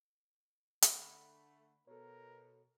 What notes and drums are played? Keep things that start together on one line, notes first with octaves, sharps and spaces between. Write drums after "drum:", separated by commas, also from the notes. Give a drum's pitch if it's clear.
D3 A3 F#5 B5, drum: hi-hat
B2 A4 A#4 C#5